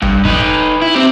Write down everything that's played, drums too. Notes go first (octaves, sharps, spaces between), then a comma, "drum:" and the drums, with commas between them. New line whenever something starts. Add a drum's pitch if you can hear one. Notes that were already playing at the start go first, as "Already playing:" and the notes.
G2, drum: tom B1
D#4 B4, drum: kick
E4
C4 G4